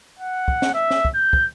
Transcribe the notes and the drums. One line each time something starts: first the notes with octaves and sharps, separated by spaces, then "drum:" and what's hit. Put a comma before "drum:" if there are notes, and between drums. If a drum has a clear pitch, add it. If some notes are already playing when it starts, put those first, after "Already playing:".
F#5
drum: kick
drum: snare
E5
drum: snare
drum: kick
G6
drum: kick